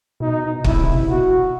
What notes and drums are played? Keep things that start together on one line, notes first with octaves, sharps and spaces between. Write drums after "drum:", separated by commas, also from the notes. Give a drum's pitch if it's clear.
B2 D#4
C3 E4, drum: kick
C#3
C3
C3
B2 F#4